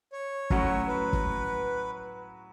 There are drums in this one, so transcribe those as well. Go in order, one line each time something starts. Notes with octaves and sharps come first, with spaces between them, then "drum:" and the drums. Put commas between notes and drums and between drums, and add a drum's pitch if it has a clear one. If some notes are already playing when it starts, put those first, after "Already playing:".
C#5
A2 F#3 C#4 F#4, drum: kick
B4
drum: kick